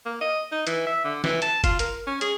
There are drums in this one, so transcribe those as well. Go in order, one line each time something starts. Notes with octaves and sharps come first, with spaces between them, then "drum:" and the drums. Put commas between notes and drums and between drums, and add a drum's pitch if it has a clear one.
A#3
D#5
D#4
E3, drum: hi-hat
E5
D3
E3, drum: snare
A5, drum: hi-hat
F4, drum: kick F#1, hi-hat
A#4, drum: hi-hat
C#4
G#4, drum: hi-hat